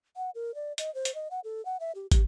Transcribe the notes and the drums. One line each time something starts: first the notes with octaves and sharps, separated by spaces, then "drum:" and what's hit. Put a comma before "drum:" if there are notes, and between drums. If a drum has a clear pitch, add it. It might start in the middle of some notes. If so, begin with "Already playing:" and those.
F#5
A#4
D5
D#5, drum: hi-hat
C5
drum: hi-hat
D#5
F#5
A4
F#5
E5
G4
G4, drum: kick, hi-hat